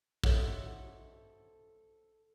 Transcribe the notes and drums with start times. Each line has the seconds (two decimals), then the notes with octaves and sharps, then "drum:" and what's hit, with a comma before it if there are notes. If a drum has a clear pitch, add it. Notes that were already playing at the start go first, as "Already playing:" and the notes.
0.24 A4 C5 C#5 D#5 E5 F#5, drum: kick